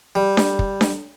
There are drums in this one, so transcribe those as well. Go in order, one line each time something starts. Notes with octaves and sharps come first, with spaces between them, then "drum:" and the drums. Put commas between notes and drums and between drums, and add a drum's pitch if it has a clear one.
G3
drum: snare D4
drum: kick
drum: snare D4